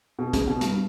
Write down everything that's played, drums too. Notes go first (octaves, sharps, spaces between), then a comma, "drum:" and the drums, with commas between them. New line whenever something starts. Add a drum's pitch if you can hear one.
B2
C#3, drum: kick, hi-hat
B2
G2, drum: hi-hat